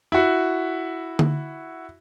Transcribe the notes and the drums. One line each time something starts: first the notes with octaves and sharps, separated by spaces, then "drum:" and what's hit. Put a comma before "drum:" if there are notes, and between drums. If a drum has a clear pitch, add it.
E4 F#4
drum: tom D3